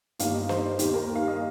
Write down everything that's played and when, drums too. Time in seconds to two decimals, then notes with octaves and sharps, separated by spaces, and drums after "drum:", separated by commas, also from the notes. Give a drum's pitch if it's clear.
0.19 G1 G2 D#3 G3 A#3 F5, drum: hi-hat
0.35 D#5
0.49 C5, drum: snare
0.79 D#2 D#3 G3 G4, drum: hi-hat
0.94 A#4
1.15 F5
1.28 D#5